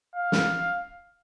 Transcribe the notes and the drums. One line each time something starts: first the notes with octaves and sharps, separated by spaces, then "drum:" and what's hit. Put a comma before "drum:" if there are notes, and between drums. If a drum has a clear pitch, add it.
F5
drum: snare